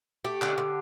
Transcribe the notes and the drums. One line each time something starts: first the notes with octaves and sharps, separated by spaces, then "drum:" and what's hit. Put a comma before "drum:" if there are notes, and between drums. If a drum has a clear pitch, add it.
A3 G4
D3, drum: clap
D3